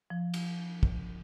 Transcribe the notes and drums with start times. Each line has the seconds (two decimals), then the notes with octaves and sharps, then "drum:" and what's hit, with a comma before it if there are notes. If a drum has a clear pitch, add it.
0.10 F3
0.34 drum: cymbal
0.83 drum: kick